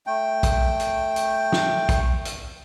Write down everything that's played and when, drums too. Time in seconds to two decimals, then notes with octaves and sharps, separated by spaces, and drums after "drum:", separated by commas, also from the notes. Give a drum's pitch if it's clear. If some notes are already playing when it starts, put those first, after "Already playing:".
0.07 A3 G5
0.43 drum: kick A#1, hi-hat
0.80 drum: hi-hat
1.16 drum: hi-hat
1.52 drum: snare
1.89 drum: kick A#1, hi-hat
2.25 drum: hi-hat